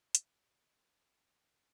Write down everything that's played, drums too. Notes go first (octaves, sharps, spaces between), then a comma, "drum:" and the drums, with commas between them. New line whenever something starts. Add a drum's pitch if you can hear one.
G2, drum: hi-hat
A#2
C3
A#2
A#2